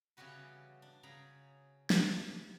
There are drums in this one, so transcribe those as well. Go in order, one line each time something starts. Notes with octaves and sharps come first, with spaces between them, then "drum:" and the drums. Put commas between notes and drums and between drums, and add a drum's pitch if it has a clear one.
C#3 E3 G3 B3 F#4 B4
D4
C#3 G#4 A#5 B5
drum: snare